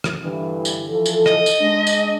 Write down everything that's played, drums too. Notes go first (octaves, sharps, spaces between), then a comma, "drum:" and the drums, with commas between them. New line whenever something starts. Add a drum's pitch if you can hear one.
drum: rim click
G2 D3 E3
drum: tambourine
E3 F3 A4
drum: tambourine
D#5, drum: rim click
drum: tambourine
G#3 D4
drum: tambourine